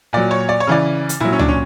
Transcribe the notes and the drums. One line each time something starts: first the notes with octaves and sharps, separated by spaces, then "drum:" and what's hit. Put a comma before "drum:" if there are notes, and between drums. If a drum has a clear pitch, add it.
A#2 F#3 D5
C#5
D5
C#5
C#3 E3 D5
drum: hi-hat
A#2 F#3 E4
C#4
D4, drum: tom C#2
C#4